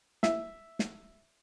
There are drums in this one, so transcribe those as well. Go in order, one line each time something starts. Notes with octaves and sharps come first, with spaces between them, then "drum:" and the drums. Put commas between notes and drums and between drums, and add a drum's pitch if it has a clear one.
E5, drum: snare
drum: snare